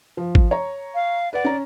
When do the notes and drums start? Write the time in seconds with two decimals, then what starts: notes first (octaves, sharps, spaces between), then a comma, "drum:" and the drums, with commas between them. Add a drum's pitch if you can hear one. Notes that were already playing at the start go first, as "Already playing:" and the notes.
0.17 F3
0.35 drum: kick G#1
0.51 C#5 A#5
0.94 F5
1.33 B4 D5 F#5
1.44 C#4 A#5